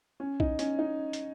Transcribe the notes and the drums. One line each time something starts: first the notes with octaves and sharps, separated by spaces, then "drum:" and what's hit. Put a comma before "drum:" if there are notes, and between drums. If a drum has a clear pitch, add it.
C#4
D#4, drum: kick B1
C#4, drum: hi-hat
D#4
drum: hi-hat